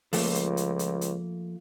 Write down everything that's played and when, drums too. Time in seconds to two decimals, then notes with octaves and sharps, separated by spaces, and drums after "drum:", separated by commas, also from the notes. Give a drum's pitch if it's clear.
0.13 C#2 F3 A3 A#3, drum: open hi-hat
0.35 drum: hi-hat
0.57 drum: hi-hat
0.79 drum: hi-hat
1.01 drum: hi-hat